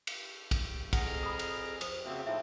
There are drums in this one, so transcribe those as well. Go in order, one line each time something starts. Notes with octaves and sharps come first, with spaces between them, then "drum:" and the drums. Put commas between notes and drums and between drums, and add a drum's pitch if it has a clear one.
drum: cymbal
drum: kick, cymbal
F2 G#4 F#5 A#5 F6, drum: kick, cymbal
B5 D#6
drum: cymbal
C5 D#6, drum: cymbal
C#3 A#3 C4 F#4 E5
A2 F3 D#4 F4 E5